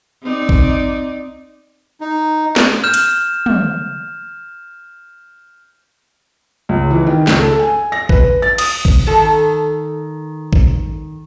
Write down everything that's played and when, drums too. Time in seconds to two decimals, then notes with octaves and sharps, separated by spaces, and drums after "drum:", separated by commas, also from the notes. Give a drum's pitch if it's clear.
0.22 C4 D#4 D5
0.49 drum: kick A1
2.01 D#4
2.56 drum: snare
2.84 F6 G6 E7
2.94 drum: hi-hat
3.46 drum: tom
6.69 C#2
6.91 E3
7.06 D#3
7.27 C#2, drum: snare
7.39 A4
7.59 G#5
7.92 A#6
8.09 B4, drum: kick A1
8.42 A6
8.58 D#6, drum: cymbal
8.85 drum: kick A1
9.07 D#3 A4
10.53 drum: kick A1